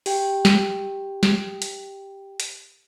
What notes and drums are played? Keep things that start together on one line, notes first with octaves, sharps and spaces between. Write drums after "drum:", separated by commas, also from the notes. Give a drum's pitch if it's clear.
G4 G5, drum: open hi-hat
drum: snare
drum: snare
drum: hi-hat
drum: hi-hat